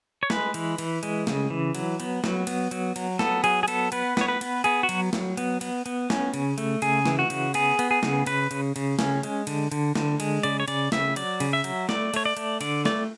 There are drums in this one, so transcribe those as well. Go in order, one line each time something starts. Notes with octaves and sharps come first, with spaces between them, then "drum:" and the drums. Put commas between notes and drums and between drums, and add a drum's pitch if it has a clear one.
C#5
G#3 B4, drum: snare
E3, drum: cymbal
E3, drum: cymbal
G#3, drum: cymbal
C#3, drum: snare
E3
F#3, drum: cymbal
B3, drum: cymbal
F#3, drum: snare
B3, drum: cymbal
F#3, drum: cymbal
F#3, drum: cymbal
B3 A4, drum: snare
F#3 G#4, drum: cymbal
G#4
B3 A4, drum: cymbal
B3 B4, drum: cymbal
B3 C#5, drum: snare
B4
B3, drum: cymbal
B3 G#4, drum: cymbal
F#4
F#3, drum: cymbal
F#3, drum: snare
B3, drum: cymbal
B3, drum: cymbal
B3, drum: cymbal
C#4, drum: snare
C#3, drum: cymbal
A3, drum: cymbal
C#3 G#4, drum: cymbal
E3, drum: snare
F#4
C#3, drum: cymbal
B3 G#4, drum: cymbal
B3, drum: cymbal
G#4
C#3, drum: snare
C#3 B4, drum: cymbal
C#3, drum: cymbal
C#3, drum: cymbal
C#4, drum: snare
G#3, drum: cymbal
D3, drum: cymbal
D3, drum: cymbal
D3, drum: snare
G#3, drum: cymbal
C#3 D5, drum: cymbal
C#5
C#3 D5, drum: cymbal
C#3 E5, drum: snare
F#3 D5, drum: cymbal
C#3, drum: cymbal
E5
F#3, drum: cymbal
A3 D5, drum: snare
A3 C#5, drum: cymbal
D5
A3, drum: cymbal
D3 D5, drum: cymbal
A3 D5, drum: snare